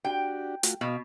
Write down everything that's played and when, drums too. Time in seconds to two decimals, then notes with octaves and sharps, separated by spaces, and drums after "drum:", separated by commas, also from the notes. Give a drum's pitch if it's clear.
0.05 D4 F#4 G4 G5
0.63 A3 F4 F#4, drum: hi-hat
0.81 B2 F5